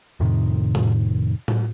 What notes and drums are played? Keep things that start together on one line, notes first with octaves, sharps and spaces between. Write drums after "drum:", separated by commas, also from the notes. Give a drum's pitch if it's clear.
F2 A2 C3 D#3
drum: tom A2
drum: tom A2